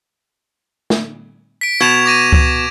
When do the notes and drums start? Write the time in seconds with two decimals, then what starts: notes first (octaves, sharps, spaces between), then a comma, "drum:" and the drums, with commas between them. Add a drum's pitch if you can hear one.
0.90 drum: snare
1.61 B6 D7
1.81 B2 G#6 E7 F7
2.06 D6 A#6 D#7
2.32 drum: kick C#2